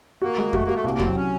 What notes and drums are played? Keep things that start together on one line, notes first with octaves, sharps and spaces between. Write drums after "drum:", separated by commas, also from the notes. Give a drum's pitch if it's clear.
A#3 F#4
G#3
A3 F#4, drum: kick F2
A#3
F#4
A3
C2 A#3
A#3
F#3, drum: kick F2
C4
C#4